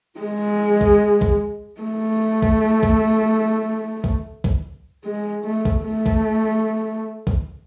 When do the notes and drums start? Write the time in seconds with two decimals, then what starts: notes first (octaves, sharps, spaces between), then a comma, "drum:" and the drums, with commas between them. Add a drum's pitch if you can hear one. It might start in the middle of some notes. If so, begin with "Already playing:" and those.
0.20 G#3
0.81 drum: kick
1.21 drum: kick
1.81 A3
2.42 drum: kick
2.83 drum: kick
4.04 drum: kick
4.44 drum: kick
5.05 G#3
5.45 A3
5.65 drum: kick
5.85 A3
6.06 drum: kick
7.27 drum: kick